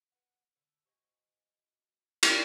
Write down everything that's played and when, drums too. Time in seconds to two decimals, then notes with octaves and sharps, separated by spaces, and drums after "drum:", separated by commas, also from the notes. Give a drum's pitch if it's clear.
0.12 B4 F#5
0.56 D3
0.85 F#4 C5 D#5 G#5
2.23 drum: cymbal